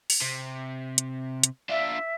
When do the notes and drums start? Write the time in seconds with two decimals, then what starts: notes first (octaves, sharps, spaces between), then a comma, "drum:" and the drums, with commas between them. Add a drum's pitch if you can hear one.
0.10 drum: open hi-hat
0.21 C3
0.98 drum: hi-hat
1.43 drum: hi-hat
1.69 D4 F4 E5